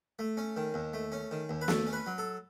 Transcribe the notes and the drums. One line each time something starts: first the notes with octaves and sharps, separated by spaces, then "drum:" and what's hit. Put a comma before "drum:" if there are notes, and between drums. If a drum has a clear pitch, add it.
A3
C#4
D#3
D#2
A3
C#4
D#3
D#2
B4
A3 A4, drum: snare
C#4
B4
F#3
A4